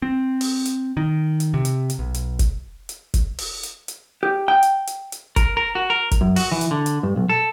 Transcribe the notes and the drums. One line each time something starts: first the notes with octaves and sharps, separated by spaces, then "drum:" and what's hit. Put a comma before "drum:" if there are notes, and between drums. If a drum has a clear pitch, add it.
C4
drum: open hi-hat
drum: hi-hat
D#3
drum: hi-hat
C3
drum: hi-hat
drum: hi-hat
B1
drum: hi-hat
drum: kick, hi-hat
drum: hi-hat
drum: kick, hi-hat
drum: open hi-hat
drum: hi-hat
drum: hi-hat
G4
G5
drum: hi-hat
drum: hi-hat
drum: hi-hat
A#4, drum: kick, hi-hat
A#4
F#4
A#4
drum: kick, hi-hat
F#2
F#4, drum: open hi-hat
E3
drum: hi-hat
D3
drum: hi-hat
G2
B1
A4